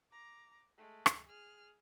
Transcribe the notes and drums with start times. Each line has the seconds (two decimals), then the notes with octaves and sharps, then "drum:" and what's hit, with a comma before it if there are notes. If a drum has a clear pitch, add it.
0.11 A#5 D6
0.77 G#3 A3
1.06 drum: rim click
1.26 G#4 F6